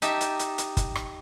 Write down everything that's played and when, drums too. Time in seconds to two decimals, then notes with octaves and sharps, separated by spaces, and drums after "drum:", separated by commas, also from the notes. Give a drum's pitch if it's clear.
0.02 D#4 G4 E5 A5, drum: hi-hat
0.21 drum: hi-hat
0.39 drum: hi-hat
0.58 drum: hi-hat
0.77 drum: kick, hi-hat
0.95 drum: rim click